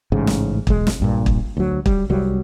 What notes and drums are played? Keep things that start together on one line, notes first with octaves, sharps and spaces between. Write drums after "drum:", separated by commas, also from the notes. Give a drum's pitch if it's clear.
A1 G#2 C#3
drum: snare
E1 B1 G#3, drum: kick
drum: snare
A#1 G2 A#2
drum: kick
D2 F#3
G3, drum: kick
C2 F#3 G3